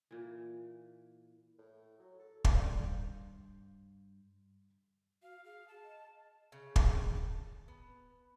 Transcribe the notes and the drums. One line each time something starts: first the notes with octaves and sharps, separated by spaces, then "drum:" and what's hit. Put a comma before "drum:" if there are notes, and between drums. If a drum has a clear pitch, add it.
A#2 E3
A2
F#3
A4
drum: kick
G2 C5 D5 F5
F#4 F5
G#4 F5
A5
D#5
C#3
drum: kick
A5
B3